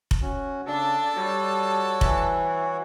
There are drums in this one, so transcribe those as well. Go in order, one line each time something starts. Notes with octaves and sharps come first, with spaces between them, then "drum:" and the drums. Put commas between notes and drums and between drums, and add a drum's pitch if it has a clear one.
drum: kick F1
C#4 F#4
C#3 D4 A4 D5
G3 F#4 C#5
E3, drum: kick F1